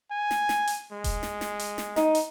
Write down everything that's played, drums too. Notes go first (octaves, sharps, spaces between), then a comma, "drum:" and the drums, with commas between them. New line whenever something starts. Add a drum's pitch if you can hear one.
G#5
drum: snare
drum: snare
drum: hi-hat
G#3
drum: kick D#1, hi-hat
drum: snare
drum: snare
drum: hi-hat
drum: snare
D#4, drum: snare
drum: hi-hat